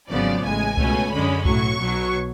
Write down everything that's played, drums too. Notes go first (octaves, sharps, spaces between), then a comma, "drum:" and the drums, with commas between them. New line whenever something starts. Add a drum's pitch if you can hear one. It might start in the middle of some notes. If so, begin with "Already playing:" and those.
G#1 F#2 C#3 F3 B3 D5
A1 A2 G#3 G#5
C#2 B2 A3 C#4, drum: kick C2
F#2 D3 G#3 C#4 B5
B1 A2 F#3 C#6, drum: kick C2
B1 B2 F#3